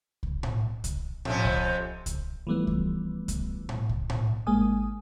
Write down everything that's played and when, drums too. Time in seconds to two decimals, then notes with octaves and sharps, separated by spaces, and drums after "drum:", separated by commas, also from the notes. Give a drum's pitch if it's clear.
0.23 drum: kick C2
0.43 drum: tom A2
0.84 drum: kick C2, hi-hat
1.25 F2 C3 C#4, drum: tom A2
1.45 drum: kick C2
2.06 drum: kick C2, hi-hat
2.47 E3 F3 G3 A3 B3
2.67 drum: kick C2
3.28 drum: kick C2, hi-hat
3.69 drum: tom A2
3.89 drum: kick C2
4.10 drum: tom A2
4.47 G#1 G#3 A#3 G#5 D#6